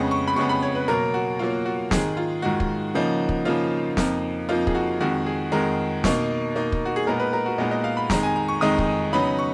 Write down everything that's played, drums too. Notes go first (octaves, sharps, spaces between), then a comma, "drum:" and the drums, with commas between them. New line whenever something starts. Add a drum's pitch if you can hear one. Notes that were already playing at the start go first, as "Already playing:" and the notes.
Already playing: F2 C#3 G#3 B3 C#6
C#6
B5
F2 C#3 G#3 B3 C#6
B5
C#5
B4
B2 F#3 A#3 A#4
F#4
B2 F#3 A#3 F4
F#4
G#2 D#3 G#3 G#4, drum: snare
F4
G#2 D#3 G#3 F#4
drum: kick
C#3 F3 A#3 D#4
drum: kick
C#3 F3 A#3 D#4 F4
F2 F3 A#3 D#4, drum: snare
F2 F3 A#3 D#4 F4
G#4, drum: kick
F#4
F2 D#3 G#3 F#4
G#4
F2 D#3 G#3 A#4
B2 A#3 D#4, drum: snare
B2 A#3 D#4
drum: kick
F#4
G#4
A#2 G#3 B3 D#4 A#4
B4
A#4
F#4
A#2 G#3 B3 D#4 D#5
D#5
F5
B5
F2 D#3 G#3 D#4 A#5, drum: snare
G#5
A#5
C#6
F2 D#3 G#3 D#4 D#6
drum: kick
C#3 F#3 B3 D#4 B5
C#6